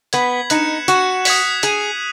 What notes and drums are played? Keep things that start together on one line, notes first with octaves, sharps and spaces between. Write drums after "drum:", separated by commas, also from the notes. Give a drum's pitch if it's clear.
B3 G#6 B6 F#7, drum: hi-hat
D#4 F#6 C#7 E7, drum: hi-hat
F#4 F#6 C#7 E7, drum: hi-hat
D#6 G#6 B6, drum: open hi-hat
G#4 D#6 G#6 D#7 F#7, drum: hi-hat